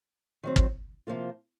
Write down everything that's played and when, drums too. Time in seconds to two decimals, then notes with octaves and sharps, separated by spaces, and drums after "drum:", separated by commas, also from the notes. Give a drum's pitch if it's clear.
0.43 D#3 F#3 C4
0.56 drum: kick
1.07 C3 F3 A#3 F4